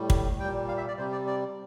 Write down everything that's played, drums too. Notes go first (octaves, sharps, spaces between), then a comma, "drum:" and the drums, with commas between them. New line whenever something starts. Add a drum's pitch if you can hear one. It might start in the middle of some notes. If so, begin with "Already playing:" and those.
Already playing: A2 G3
drum: kick
A#2 G3 G5
F5
E5
D5
C3 G3 C5
D5
D5